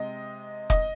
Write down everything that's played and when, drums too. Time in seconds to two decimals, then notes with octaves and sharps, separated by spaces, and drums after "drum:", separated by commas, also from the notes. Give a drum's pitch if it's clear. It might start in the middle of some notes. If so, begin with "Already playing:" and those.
Already playing: C3 G#3 D#5
0.70 D#5, drum: kick F1